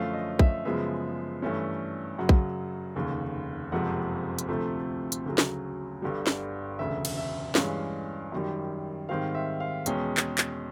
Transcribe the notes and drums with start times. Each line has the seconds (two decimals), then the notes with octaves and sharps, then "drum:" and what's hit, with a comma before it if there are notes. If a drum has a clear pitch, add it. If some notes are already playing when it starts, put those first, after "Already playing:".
Already playing: F#2 D3 F3 A3 C#4 F5
0.14 D#5
0.39 E5, drum: kick A#1
0.65 F#2 C#3 F3 G#3 B3 E5
1.42 G2 E3 A3 C#4
2.18 F#2 C#3 F#3 F#5
2.29 drum: kick A#1
2.95 F1 D#2 C#3
3.72 F#1 F2 C3 F3 G#3 F#5
4.39 drum: hi-hat
4.49 D2 C3 F3 A3
5.12 drum: hi-hat
5.26 D2 C#3 F#3
5.38 drum: snare
6.02 G1 G2 D3 G3
6.27 drum: snare
6.79 E1 D2 C#3 E5
7.05 drum: cymbal
7.17 E5
7.55 G2 E3 G#3 C#4 F5, drum: snare
8.32 F#2 D#3 G3
9.09 G#2 D#3 G3 C4 F5
9.35 E5
9.60 F5
9.86 E2 B2 G#3 C#4 G5, drum: hi-hat
10.17 drum: clap
10.38 drum: clap